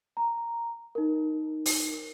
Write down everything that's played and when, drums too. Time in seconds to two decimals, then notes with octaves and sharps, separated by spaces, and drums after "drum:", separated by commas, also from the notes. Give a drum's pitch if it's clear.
0.17 A#5
0.95 D#4 A#4
1.66 drum: open hi-hat